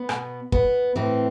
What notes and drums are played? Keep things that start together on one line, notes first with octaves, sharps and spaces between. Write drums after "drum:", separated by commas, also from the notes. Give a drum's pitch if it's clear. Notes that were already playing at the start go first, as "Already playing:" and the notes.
Already playing: B3
B2, drum: rim click
B3, drum: kick
A2 E3 C4